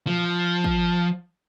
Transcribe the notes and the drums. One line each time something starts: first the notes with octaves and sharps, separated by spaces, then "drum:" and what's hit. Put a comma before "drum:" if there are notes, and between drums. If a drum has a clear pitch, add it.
F3, drum: tom A#2
drum: kick